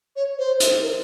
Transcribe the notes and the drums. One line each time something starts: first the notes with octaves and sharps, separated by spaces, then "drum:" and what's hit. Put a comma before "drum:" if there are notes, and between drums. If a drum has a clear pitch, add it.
C#5
C5
drum: hi-hat
A#4